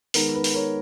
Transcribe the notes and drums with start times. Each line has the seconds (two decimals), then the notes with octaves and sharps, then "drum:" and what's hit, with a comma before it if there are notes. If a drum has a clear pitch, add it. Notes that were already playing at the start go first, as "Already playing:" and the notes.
0.14 D#3 G#3 B3 A#4, drum: open hi-hat
0.35 B4
0.44 drum: open hi-hat
0.54 A#4 C#5